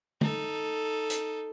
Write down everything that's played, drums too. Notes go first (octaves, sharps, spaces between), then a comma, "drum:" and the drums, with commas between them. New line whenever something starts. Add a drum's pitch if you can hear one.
D#4 A4, drum: tom
drum: hi-hat